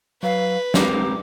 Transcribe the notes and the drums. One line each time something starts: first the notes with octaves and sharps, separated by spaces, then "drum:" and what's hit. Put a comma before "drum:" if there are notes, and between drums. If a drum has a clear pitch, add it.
F#3 B4 F5
G#3 C4 A#4 D6, drum: snare